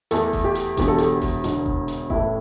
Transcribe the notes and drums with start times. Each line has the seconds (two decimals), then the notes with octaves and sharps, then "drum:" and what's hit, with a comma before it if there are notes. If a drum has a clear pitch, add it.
0.11 E2 E3 A3 A4, drum: hi-hat
0.33 drum: kick F1, open hi-hat
0.44 G4
0.55 drum: hi-hat
0.77 E1 E2 D3 G4, drum: kick F1, hi-hat
0.88 A4
0.98 G4, drum: hi-hat
1.22 drum: kick F1, open hi-hat
1.44 E1 E2 D3, drum: hi-hat
1.66 drum: kick F1
1.88 drum: hi-hat
2.10 A1 A2 A3 E4, drum: kick F1